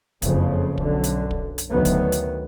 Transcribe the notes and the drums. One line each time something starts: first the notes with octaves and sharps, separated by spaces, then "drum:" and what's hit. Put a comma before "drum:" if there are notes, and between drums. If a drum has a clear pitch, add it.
F#1 F2 C#3 F3, drum: kick, hi-hat
B1 F#2 D3, drum: kick
drum: hi-hat
drum: kick
drum: hi-hat
D2 D#3 F#3 B3
drum: kick, hi-hat
drum: hi-hat